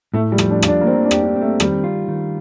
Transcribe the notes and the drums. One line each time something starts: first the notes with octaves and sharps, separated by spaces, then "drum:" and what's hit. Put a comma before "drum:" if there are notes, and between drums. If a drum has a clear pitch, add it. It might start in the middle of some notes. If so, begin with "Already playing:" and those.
A2 A3
G3
F3, drum: rim click
D4
F4, drum: rim click
D4
A#3
C4 A#4
D4
G4, drum: rim click
D4
C4
A3
D#3 G3, drum: rim click
F4
D#3